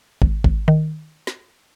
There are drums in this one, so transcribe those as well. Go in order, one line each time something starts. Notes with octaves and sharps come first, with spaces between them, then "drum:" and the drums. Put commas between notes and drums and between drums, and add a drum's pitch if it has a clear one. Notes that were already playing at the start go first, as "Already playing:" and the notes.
G#1, drum: kick
G#1, drum: kick
D#3
drum: snare